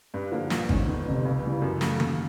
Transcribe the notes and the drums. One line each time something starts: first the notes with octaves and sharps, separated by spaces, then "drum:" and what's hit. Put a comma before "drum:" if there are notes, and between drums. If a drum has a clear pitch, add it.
G2
D3 F3 A#3
A#1, drum: snare
G#2 D#3 G#3 C#4, drum: kick G#1
G1
F2 C3
C#2
C#3 E3 G3
F#2
C#3 F#3 A3, drum: snare
D#2, drum: tom D#3